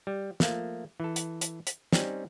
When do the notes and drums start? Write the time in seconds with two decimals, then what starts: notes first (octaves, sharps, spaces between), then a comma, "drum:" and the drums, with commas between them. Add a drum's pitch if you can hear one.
0.07 G3
0.40 F3 A3 A#3, drum: snare
1.00 E3 A4
1.16 drum: hi-hat
1.41 drum: hi-hat
1.67 drum: hi-hat
1.93 G3 C4 C#4 D#4, drum: snare